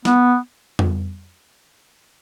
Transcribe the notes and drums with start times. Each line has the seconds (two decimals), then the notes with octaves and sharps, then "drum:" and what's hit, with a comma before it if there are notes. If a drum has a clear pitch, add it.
0.05 B3, drum: snare
0.79 drum: tom F2